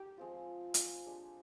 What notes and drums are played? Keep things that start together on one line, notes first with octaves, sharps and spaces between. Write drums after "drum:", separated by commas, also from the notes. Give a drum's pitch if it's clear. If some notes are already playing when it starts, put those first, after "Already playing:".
Already playing: D#4 G4 A#4
F3 G#3 C4 F4
drum: hi-hat
G#3 D4 G4